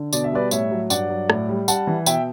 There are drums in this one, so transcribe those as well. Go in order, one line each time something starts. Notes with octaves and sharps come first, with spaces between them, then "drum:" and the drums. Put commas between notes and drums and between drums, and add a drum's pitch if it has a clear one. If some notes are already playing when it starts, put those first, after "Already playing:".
Already playing: D3
B2 D5, drum: tambourine
E5
G3 B4 D5
A2 C#5 E5, drum: tambourine
F#3
G2 D5 F#5, drum: tambourine
F#3
A2, drum: rim click
G3
G3 F#5 A5, drum: tambourine
E3
B2 E5 G5, drum: tambourine